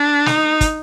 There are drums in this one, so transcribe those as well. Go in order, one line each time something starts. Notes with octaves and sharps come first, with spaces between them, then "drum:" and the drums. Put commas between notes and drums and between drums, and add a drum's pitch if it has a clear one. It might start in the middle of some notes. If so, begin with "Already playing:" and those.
Already playing: D4
D#4, drum: snare
drum: kick, hi-hat